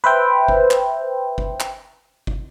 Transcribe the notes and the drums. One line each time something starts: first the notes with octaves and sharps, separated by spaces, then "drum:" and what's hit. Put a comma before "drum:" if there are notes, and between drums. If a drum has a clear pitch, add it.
B4 C5 E5 G5
drum: kick
drum: clap
drum: kick
drum: clap
drum: kick